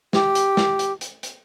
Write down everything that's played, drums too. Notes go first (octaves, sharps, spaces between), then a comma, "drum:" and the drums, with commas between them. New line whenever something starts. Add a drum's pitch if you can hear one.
G4, drum: snare
drum: hi-hat
drum: snare
drum: hi-hat
drum: hi-hat
drum: hi-hat